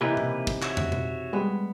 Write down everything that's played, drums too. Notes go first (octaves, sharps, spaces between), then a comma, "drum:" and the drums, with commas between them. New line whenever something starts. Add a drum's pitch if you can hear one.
C3 E3 A#3 D#4 B4
drum: tom B2
drum: kick
F#4 C#5 E5, drum: clap
drum: tom
drum: tom B2
G3 G#3 B3